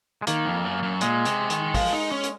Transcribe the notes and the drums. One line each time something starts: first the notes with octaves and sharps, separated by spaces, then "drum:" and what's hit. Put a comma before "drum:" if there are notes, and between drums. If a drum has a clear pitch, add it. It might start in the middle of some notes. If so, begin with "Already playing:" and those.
G#3
D#3 A#3, drum: hi-hat
F2
F#2
F#2
A#2 G#3, drum: hi-hat
C3, drum: hi-hat
D#3, drum: hi-hat
F3, drum: kick, open hi-hat
D#4
C#4
drum: hi-hat